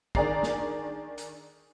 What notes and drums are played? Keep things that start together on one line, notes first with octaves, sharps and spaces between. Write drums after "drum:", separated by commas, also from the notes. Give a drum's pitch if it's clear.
D#3 D4 G#4 D5 A#5 C7, drum: kick
drum: snare
drum: hi-hat